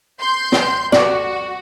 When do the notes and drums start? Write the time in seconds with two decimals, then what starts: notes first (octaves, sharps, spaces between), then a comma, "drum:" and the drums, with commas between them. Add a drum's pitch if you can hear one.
0.21 C6 G6
0.52 drum: snare
0.92 F#4 D5, drum: snare